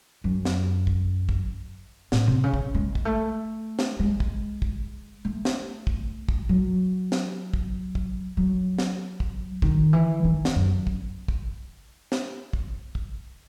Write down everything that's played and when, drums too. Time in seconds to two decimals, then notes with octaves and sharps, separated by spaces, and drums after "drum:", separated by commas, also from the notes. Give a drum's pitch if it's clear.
0.24 F#2
0.45 drum: snare
0.87 drum: kick
1.29 drum: kick
2.12 A2, drum: snare
2.27 C3
2.44 C#3
2.54 drum: kick
2.74 G#3
2.95 drum: kick
3.05 A3
3.79 drum: snare
3.99 G#3
4.20 drum: kick
4.62 drum: kick
5.25 A3
5.45 drum: snare
5.87 drum: kick
6.29 drum: kick
6.49 F#3
7.12 drum: snare
7.54 drum: kick
7.95 drum: kick
8.37 F#3
8.79 drum: snare
9.20 drum: kick
9.62 D#3, drum: kick
9.93 E3
10.25 D#3
10.45 drum: snare
10.56 F#2
10.87 drum: kick
11.28 drum: kick
12.12 drum: snare
12.53 drum: kick
12.95 drum: kick